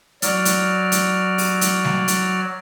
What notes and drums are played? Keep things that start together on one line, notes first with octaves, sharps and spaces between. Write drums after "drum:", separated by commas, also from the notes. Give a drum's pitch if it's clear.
F#3 D5 F6, drum: hi-hat
drum: hi-hat
drum: hi-hat
drum: open hi-hat
drum: hi-hat
drum: snare
drum: hi-hat